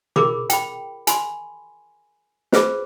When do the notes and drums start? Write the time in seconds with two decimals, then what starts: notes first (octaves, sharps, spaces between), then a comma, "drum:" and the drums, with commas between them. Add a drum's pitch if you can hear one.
0.16 F4 G#4 A#4 B5 D6, drum: tom
0.50 G5 B5, drum: hi-hat
1.07 G#5 B5 C6, drum: hi-hat
2.52 F4 G#4 B4 C5, drum: snare